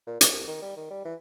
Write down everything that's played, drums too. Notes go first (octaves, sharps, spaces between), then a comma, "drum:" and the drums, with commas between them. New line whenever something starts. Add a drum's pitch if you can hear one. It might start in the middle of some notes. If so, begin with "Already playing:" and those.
A#2
D3, drum: hi-hat
C2
D#3
G3
D#3
G3
E3